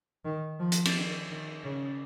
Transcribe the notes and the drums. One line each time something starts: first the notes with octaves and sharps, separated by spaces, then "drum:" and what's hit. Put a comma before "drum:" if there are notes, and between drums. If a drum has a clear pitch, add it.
D#3
F3
drum: hi-hat
drum: cymbal
D#3
D#3
C#3